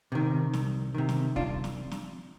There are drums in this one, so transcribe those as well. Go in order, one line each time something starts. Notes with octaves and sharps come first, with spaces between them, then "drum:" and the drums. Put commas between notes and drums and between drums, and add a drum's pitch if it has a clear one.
C3 D#3
C2, drum: snare
C3 D#3
drum: snare
C2 D4 F4, drum: kick
drum: snare
drum: snare